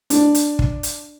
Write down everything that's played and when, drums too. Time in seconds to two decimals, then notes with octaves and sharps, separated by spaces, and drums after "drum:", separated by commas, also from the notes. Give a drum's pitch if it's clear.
0.10 D4, drum: hi-hat
0.35 drum: hi-hat
0.59 drum: kick
0.83 drum: hi-hat